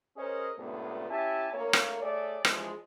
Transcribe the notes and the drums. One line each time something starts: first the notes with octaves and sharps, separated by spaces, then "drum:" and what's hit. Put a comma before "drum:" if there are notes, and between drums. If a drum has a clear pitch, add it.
C#4 G#4 A#4 C5 C#5 D#5
C#2 G2 A#2 A3 B3
C#4 E4 G4 E5 G#5 A5
D2 A#3 C#5
drum: rim click
A3 G#4 C#5 D5
E2 G2 F3 G#3, drum: rim click